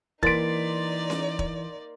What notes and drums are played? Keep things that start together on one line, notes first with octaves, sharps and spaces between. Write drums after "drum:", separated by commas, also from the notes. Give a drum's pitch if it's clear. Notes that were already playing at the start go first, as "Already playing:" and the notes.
E3 A#3 D#4 D5 C6 A6 B6 D7, drum: kick
drum: snare C#4
drum: kick